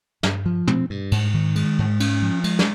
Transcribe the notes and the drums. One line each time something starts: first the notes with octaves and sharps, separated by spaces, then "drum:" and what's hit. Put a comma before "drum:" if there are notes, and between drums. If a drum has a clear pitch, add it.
G2, drum: snare
F3
C4, drum: tom
G2
G#2, drum: cymbal
D#3
G#3, drum: cymbal
G#2
C#4, drum: cymbal
F3
G#3, drum: cymbal
drum: snare